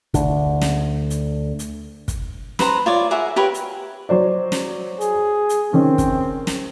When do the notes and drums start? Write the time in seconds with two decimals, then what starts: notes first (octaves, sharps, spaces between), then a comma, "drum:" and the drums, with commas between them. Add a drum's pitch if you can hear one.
0.14 D2 D3, drum: kick, hi-hat
0.61 drum: snare
1.10 drum: hi-hat
1.59 drum: hi-hat
2.08 drum: kick, hi-hat
2.59 B4 C5 A#5, drum: snare
2.86 F4 C#5 D5
3.11 G#4 A#4 E5 F#5
3.36 G4 A#4 B4 C#5
3.54 drum: hi-hat
4.09 F#3 C5 D5
4.52 drum: snare
5.01 G#4, drum: hi-hat
5.49 drum: hi-hat
5.73 D#3 C4 C#4
5.98 drum: kick, hi-hat
6.47 drum: snare